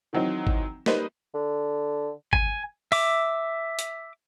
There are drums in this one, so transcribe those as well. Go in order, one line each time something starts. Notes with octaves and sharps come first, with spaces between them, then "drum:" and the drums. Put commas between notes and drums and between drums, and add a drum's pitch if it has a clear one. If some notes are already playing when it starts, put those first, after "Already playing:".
D#3 E3 F#3 C4 D#4
drum: kick
G3 A#3 D#4 B4 C5 D#5, drum: snare
D3
G#5, drum: kick
E5 D6, drum: open hi-hat
drum: hi-hat